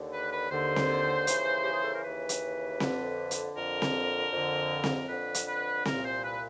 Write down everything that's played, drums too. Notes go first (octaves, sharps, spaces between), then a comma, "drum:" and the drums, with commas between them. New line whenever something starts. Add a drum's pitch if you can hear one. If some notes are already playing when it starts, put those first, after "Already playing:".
Already playing: D#2 D3
B4
B4
D#2 D3 C5
drum: snare C4
D#2 C#3 E3, drum: hi-hat
G4
G#4
A4
A#4
D#2 C#3 E3 B4
drum: hi-hat
F2 D3, drum: snare C4
drum: hi-hat
F2 D3 A#4
drum: snare C4
F2 D3
drum: snare C4
F2 D3 B4
drum: hi-hat
B4
C2 A#2 A#4, drum: snare C4
C5
B4